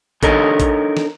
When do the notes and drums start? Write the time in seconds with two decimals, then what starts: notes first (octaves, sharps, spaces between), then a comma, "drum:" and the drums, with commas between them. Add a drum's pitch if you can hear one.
0.23 D4 D#4 A4 A#4 C#5 D#5, drum: kick A1, hi-hat
0.60 drum: kick A1, hi-hat
0.97 drum: snare